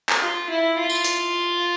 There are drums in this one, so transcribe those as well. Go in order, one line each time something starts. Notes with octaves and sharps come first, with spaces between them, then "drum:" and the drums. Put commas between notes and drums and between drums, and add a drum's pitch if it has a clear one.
drum: clap
F4
E4
F4
drum: tambourine
drum: hi-hat